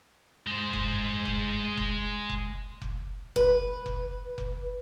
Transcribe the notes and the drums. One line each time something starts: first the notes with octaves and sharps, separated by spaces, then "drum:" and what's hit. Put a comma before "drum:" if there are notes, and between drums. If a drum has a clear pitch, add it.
G#3 C5
drum: kick F1
drum: kick F1
drum: kick F1
drum: kick F1
drum: kick F1
B4, drum: kick F1
drum: kick F1
drum: kick F1